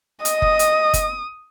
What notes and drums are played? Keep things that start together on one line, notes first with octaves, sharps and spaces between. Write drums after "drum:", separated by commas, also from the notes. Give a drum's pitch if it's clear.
D#5 D#6, drum: hi-hat
drum: kick F#1
drum: hi-hat
drum: kick F#1, hi-hat